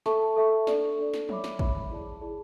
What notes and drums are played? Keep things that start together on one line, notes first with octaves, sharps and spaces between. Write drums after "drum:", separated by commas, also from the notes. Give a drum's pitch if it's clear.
A4 E5 A5 C#6, drum: snare
A4 E5 A5 C#6
D4 A4 D5, drum: snare
D4 A4 D5
drum: snare
C#5 E5 B5 D6, drum: tom F3
drum: snare
C#5 E5 B5 D6, drum: kick
E4 G#4 D5 A5
E4 G#4 D5 A5